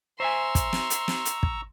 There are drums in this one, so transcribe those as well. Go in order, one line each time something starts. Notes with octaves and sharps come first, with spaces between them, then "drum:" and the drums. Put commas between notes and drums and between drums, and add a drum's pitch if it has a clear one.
C5 E5 G#5 A#5 C6 C#6 E6
drum: kick, hi-hat
drum: snare
drum: hi-hat
drum: snare
drum: hi-hat
drum: kick